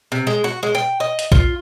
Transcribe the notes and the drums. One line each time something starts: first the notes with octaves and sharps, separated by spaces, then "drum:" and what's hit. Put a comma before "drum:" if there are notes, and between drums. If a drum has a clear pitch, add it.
C3
G#3
F#4
G#3
G5
D#5
drum: hi-hat
F4, drum: kick